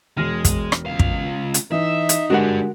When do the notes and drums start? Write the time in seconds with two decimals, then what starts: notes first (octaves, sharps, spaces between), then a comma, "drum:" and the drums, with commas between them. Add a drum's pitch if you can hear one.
0.17 E1 G#3 F6 A#6
0.45 drum: kick, hi-hat
0.72 drum: rim click
0.86 C#2 F5
0.99 drum: kick
1.54 drum: hi-hat
1.72 E3 D#4 E5
2.09 drum: hi-hat
2.30 D3 G3 G#3 D4 F#4 G4 A#4 F#5